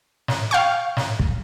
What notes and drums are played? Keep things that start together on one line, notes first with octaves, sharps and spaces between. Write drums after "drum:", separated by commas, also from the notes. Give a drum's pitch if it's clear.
drum: snare
F5 G5 C#6
drum: snare
drum: kick